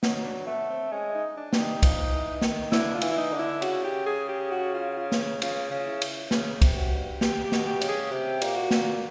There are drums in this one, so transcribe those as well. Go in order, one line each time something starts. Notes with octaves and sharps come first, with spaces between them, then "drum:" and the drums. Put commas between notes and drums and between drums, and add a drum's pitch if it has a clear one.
F#3 D#4, drum: snare
D4
A3 B3
C4
G#3 C#4
D#4
D4
G3, drum: snare
D#4
F3, drum: kick C2, cymbal
E3
D#3, drum: snare
D3 E4, drum: snare
F4
E3, drum: cymbal
E4
D#4
D3
E4
C#3 F#4, drum: cymbal
G4
G#4
G4
F#4
F4
F4
drum: snare
C#3 F4, drum: cymbal
C#3
F4
E4
drum: cymbal
C#3, drum: snare
C3, drum: kick C2, cymbal
F#4
G2
G4, drum: snare
G4
B2, drum: snare
G4
C#3, drum: cymbal
G#4
C3 G4
A#2, drum: cymbal
F#4
A#2, drum: snare